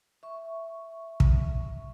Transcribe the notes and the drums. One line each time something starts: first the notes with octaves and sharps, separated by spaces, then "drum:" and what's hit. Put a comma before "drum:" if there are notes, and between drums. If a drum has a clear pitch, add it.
E5 C#6
drum: kick